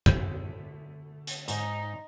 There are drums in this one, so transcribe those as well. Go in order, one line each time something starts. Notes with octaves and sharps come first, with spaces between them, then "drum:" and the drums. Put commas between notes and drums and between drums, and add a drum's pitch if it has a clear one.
drum: kick
D3 A3
drum: hi-hat
G#2 D#4, drum: hi-hat